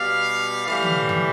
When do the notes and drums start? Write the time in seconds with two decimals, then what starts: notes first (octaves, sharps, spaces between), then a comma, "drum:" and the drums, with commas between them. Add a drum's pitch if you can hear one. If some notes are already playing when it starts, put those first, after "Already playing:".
Already playing: B2 G3 F5
0.66 A2 E3 G3 F5
0.83 drum: tom
1.09 drum: tom